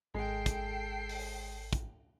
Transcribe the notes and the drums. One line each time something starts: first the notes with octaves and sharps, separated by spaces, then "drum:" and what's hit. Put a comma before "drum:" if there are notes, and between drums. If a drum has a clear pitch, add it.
G#1 G#3 A4 G5 C7
drum: kick, hi-hat
drum: open hi-hat
drum: kick, hi-hat